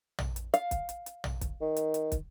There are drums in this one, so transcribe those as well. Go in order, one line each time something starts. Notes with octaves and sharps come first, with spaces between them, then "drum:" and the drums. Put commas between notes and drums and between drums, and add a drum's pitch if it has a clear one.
drum: tom A#1
drum: hi-hat
F5, drum: hi-hat
drum: kick, hi-hat
drum: hi-hat
drum: hi-hat
drum: tom A#1
drum: kick, hi-hat
D#3
drum: hi-hat
drum: hi-hat
drum: kick, hi-hat